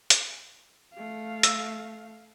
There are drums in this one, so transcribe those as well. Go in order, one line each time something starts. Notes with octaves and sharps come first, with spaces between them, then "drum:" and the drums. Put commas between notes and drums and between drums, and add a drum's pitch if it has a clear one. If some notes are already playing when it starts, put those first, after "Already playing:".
drum: hi-hat
A3 F5
E6, drum: hi-hat